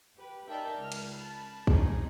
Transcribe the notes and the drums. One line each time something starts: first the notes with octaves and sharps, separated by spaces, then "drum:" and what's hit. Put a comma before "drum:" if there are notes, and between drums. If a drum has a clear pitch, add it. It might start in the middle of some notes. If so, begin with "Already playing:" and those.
G4 B4
D#4 A#4 D5 E5 G5 A5
C#2 F6
drum: cymbal
A5 B5
D#4 G#4, drum: kick